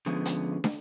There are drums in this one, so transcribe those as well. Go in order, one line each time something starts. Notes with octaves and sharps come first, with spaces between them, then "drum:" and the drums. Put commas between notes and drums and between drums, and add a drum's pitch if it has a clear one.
D3 F3 G#3 B3 C#4
drum: hi-hat
drum: snare